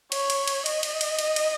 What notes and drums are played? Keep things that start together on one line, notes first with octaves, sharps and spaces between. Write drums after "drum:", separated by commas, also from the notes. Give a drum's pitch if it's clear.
C#5, drum: cymbal
drum: cymbal
drum: cymbal
D#5, drum: cymbal
drum: cymbal
drum: cymbal
drum: cymbal
drum: cymbal